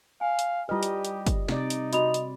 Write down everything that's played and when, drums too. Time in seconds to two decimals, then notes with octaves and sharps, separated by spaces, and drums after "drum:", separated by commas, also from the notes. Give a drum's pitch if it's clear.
0.21 F5 G#5
0.39 drum: hi-hat
0.69 G3 E4 F4 G4 B4 D#5
0.83 drum: hi-hat
1.05 drum: hi-hat
1.27 drum: kick, hi-hat
1.48 C3 D#4 D5, drum: snare
1.70 drum: hi-hat
1.93 F#4 D#5 B5 D#6 F7, drum: hi-hat
2.14 drum: hi-hat